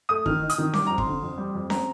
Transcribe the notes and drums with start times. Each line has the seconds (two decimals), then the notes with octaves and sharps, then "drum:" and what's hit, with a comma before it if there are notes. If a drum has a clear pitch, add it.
0.09 A3 D#6
0.26 D#3 F6, drum: kick
0.42 D#4
0.50 D#6, drum: hi-hat
0.58 D#3
0.74 G3 D6, drum: snare C#4
0.86 F2 A#5
0.98 C6, drum: kick
1.06 D3
1.23 F2
1.38 G3
1.55 F2
1.70 C4 A#5, drum: snare C#4